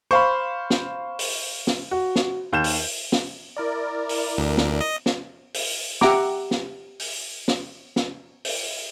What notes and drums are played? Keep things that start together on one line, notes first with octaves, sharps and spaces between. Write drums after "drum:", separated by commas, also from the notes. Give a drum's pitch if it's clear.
C5 F5 B5 C#6
drum: snare
drum: open hi-hat
drum: snare
F#4
drum: snare
D#2 G6 E7
drum: open hi-hat
drum: snare
E4 A#4 D5
drum: open hi-hat
D2
drum: snare
D#5
drum: snare
drum: open hi-hat
G4 E5 F#5 A#5 D6, drum: snare
drum: snare
drum: open hi-hat
drum: snare
drum: snare
drum: open hi-hat